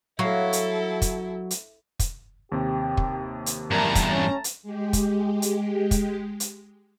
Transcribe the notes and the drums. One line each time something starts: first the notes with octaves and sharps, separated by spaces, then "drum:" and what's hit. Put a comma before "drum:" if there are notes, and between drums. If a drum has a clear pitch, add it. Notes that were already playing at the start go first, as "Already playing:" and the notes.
F#3 E4 A4 F5
drum: hi-hat
drum: kick, hi-hat
drum: hi-hat
drum: kick, hi-hat
D#2 C3 G4
drum: kick
drum: hi-hat
E2 G2 A3 A#4 A5 A#5
drum: kick, hi-hat
C#4 A6
drum: hi-hat
G#3 G4
drum: kick, hi-hat
drum: hi-hat
drum: kick, hi-hat
drum: hi-hat